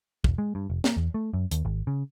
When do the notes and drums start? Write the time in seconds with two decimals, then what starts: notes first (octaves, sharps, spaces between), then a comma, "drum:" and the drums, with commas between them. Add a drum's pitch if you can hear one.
0.24 E1, drum: kick
0.38 G#3
0.55 G2
0.70 F1
0.84 A#3, drum: snare
0.97 E2
1.14 A3
1.34 F#2
1.51 D#2, drum: hi-hat
1.65 G#1
1.87 C#3